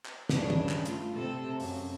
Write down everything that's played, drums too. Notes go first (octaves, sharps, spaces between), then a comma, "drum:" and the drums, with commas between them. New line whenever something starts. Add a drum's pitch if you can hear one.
drum: clap
G2 C#3 D4, drum: snare
drum: tom
drum: clap
A3 F4, drum: hi-hat
C3 A4
F#2, drum: open hi-hat